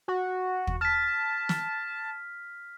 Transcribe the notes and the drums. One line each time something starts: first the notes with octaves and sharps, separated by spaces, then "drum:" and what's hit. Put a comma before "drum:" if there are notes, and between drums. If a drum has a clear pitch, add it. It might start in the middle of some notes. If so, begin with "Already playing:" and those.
F#4
drum: kick
A5 F6 B6
drum: snare